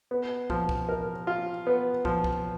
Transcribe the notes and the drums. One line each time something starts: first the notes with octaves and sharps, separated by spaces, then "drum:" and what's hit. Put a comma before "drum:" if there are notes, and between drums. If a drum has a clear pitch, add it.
B3
F3, drum: kick
drum: kick
A#4
F4
B3
F3, drum: kick
drum: kick